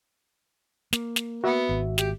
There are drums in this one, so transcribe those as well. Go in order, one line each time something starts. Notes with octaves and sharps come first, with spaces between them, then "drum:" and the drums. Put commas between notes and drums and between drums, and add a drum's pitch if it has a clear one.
A#3, drum: snare
drum: snare
B3 F#4 E5
G#1
G4, drum: snare